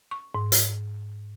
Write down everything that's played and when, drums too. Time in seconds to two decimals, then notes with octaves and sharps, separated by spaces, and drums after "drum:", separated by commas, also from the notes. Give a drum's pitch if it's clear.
0.11 C#6
0.35 G#2
0.52 drum: hi-hat